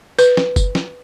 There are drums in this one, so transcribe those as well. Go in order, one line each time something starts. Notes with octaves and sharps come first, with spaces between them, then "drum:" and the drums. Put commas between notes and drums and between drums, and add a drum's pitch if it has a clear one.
B4, drum: tambourine
drum: snare
drum: kick F#1, tambourine
drum: snare